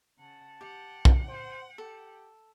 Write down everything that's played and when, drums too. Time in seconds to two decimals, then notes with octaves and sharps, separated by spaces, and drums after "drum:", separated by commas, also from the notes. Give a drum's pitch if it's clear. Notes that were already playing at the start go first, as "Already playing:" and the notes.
0.19 C#3 F#5 A5
0.61 G4 F#5 G5
1.05 drum: kick
1.28 C5
1.78 G4 A4